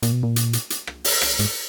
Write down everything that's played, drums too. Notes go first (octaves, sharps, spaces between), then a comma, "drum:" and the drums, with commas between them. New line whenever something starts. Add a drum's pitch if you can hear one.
A#2, drum: hi-hat
B2
A#2
drum: hi-hat
drum: hi-hat
drum: hi-hat
drum: rim click
drum: open hi-hat
drum: rim click
G#2, drum: hi-hat